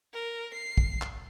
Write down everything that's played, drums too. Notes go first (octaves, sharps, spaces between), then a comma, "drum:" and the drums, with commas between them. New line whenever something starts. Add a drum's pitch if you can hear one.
A#4
C7
drum: kick
drum: clap